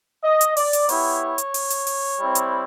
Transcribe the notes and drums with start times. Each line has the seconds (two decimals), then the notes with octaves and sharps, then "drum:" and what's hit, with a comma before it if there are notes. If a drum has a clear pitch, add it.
0.24 D#5
0.41 drum: hi-hat
0.57 D5, drum: open hi-hat
0.73 drum: hi-hat
0.89 B3 E4 G4 C#5, drum: open hi-hat
1.38 drum: hi-hat
1.54 drum: open hi-hat
1.70 drum: hi-hat
1.87 drum: open hi-hat
2.19 G3 C4 E4
2.35 drum: hi-hat